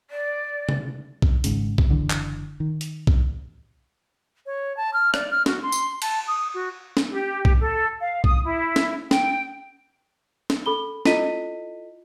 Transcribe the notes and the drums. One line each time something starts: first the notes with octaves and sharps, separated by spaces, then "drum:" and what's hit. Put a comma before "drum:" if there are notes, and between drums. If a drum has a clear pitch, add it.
D5
drum: tom C3
drum: kick
G#1 G#2 C#3, drum: hi-hat
drum: kick
F#1 D3 E3
drum: clap
D#3
drum: hi-hat
drum: kick
C#5
A5
F6
D5, drum: rim click
F6
F#4, drum: snare
C6
drum: tambourine
A5, drum: cymbal
D#6
F#4
drum: snare
G4
drum: kick
A4
F5
D#6, drum: kick
E4
drum: snare
G5, drum: snare
drum: snare
A4 B5 G7
E4 F4 A4 D#5 B6 D#7, drum: snare